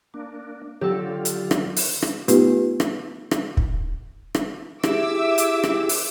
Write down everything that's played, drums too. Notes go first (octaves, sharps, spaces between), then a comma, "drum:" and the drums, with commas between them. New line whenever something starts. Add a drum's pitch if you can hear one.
A#3 D4
D3 F#3 F4 G4 A4
drum: hi-hat
drum: rim click
drum: open hi-hat
drum: rim click
A3 B3 D#4 F4 G4 B4, drum: hi-hat
drum: rim click
drum: rim click
drum: kick
drum: rim click
E4 G4 G#4 E5 D6 E6, drum: rim click
drum: hi-hat
drum: rim click
drum: open hi-hat